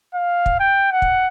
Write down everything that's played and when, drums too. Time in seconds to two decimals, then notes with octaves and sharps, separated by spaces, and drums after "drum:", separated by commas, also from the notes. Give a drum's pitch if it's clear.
0.14 F5
0.46 drum: kick
0.60 G5
0.91 F#5
1.02 drum: kick